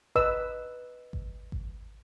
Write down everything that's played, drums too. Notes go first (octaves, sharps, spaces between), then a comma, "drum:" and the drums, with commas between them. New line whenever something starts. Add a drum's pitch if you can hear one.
B4 D#5 E6, drum: kick G#1
drum: kick G#1
drum: kick G#1